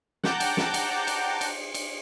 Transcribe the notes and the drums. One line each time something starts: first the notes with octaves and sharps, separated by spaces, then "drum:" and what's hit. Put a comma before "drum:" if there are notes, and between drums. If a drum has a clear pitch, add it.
F#5 G5 A5 A#5 D6 G6, drum: snare
drum: cymbal
drum: snare
drum: cymbal
drum: cymbal
drum: cymbal
drum: cymbal